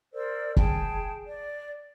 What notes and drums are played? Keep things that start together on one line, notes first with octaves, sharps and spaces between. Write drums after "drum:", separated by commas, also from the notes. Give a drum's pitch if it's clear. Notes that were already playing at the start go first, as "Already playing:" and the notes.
A#4 C5 D5 E6
G#4 G5 A5, drum: kick
D5